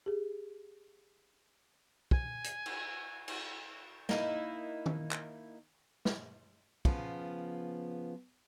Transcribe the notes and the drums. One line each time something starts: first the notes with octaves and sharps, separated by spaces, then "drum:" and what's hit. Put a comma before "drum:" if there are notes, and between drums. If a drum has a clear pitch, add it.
G4 G#4
G#5, drum: kick
drum: hi-hat
drum: cymbal
drum: cymbal
A#3 D#4 E4, drum: snare
drum: tom D#3
drum: clap
drum: snare
C#3 F3 B3 F4, drum: kick